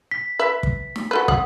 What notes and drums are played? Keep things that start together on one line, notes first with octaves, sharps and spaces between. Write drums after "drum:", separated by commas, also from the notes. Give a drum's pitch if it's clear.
B6
B4 E5
drum: kick
drum: snare
F#4 A4 B4
C4 F#5 D#6, drum: kick